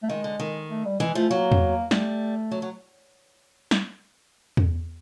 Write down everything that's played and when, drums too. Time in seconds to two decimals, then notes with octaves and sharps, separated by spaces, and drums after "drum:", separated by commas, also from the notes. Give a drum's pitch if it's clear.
0.03 A3
0.09 D#3 G#3
0.24 D3
0.40 D#3
0.70 A3
0.85 G3
1.00 E3 G#3
1.15 F3 A3
1.30 F#3 A#3
1.52 drum: tom E2
1.91 G3 A3, drum: snare
2.51 F#3
2.62 F#3
3.71 drum: snare
4.57 drum: tom E2